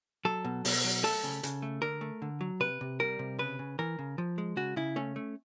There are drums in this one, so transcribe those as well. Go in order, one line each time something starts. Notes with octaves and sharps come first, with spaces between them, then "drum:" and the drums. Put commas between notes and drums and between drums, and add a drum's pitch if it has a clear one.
F#3 A4
B2
B2, drum: open hi-hat
F#3
A3 A4
C#3
C#3, drum: hi-hat
A3
D3 A#4
A3
D3
F#3
C3 B4
C3
G3 A#4
C3
C#3 B4
C#3
E3 A#4
C#3
F3
G#3
C#3 F#4
C#3 E4
A3 C#4
A3